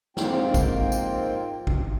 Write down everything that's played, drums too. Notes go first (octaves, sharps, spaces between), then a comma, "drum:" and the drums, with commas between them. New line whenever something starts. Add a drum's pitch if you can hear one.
F2 G#2 A#3 C4 F4 G5, drum: snare
drum: kick, tambourine
drum: tambourine
drum: kick